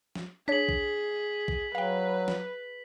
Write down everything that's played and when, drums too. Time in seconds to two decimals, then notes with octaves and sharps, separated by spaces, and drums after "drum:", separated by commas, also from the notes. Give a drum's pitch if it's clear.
0.15 drum: snare
0.48 D4 G#4 C#5 B6 F#7
0.69 drum: kick A#1
1.48 drum: kick A#1
1.75 F#3 B4 F5 G5
2.28 drum: snare